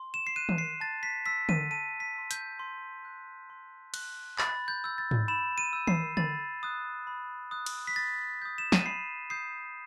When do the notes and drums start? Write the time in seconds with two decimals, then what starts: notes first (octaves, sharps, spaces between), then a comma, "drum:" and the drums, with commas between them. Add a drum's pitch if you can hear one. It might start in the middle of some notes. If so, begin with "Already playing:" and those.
Already playing: C6
0.14 E7
0.27 C7
0.36 F#6 D#7
0.49 drum: tom D#3
0.58 C7
0.80 A5 A6
1.03 B6
1.26 C6 E6 B6
1.49 D#7, drum: tom D3
1.71 A5 D#7
2.00 B6
2.15 C6 E6
2.31 G6, drum: hi-hat
2.59 C6
3.05 F#6
3.50 C6
3.94 F#6, drum: cymbal
4.38 B5 A6, drum: clap
4.68 G6
4.84 E6 G6
4.98 A6
5.11 drum: tom G#2
5.28 B5 E7
5.58 D#7
5.73 E6 G6
5.87 C7, drum: tom D#3
6.17 B5 A6, drum: tom D3
6.63 D#6 F#6
7.07 B5
7.51 D#6 F#6
7.66 drum: cymbal
7.87 B6
7.96 B5 A6
8.42 D#6 G6
8.58 E7
8.72 D#7, drum: snare
8.86 B5 C7
9.30 D#6 G6 C7